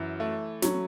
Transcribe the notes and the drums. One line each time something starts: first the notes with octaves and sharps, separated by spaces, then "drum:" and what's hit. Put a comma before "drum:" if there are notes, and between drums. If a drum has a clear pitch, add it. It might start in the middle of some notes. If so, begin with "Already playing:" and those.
Already playing: F#2 E3
A3
F#3 C#4, drum: snare